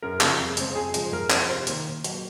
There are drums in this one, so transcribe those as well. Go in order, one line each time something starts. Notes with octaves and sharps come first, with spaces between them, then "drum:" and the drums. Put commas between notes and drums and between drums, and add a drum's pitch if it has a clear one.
F#2 A#4
C#3 F3 A#3, drum: clap
F2
C#3 G#3 C4, drum: hi-hat
F2 G#4
C#3 F3 G#3, drum: hi-hat
G#2 A#4
F3 C4, drum: clap
C3 C5
D#3 A#3, drum: hi-hat
A#2
F#3 A#3, drum: hi-hat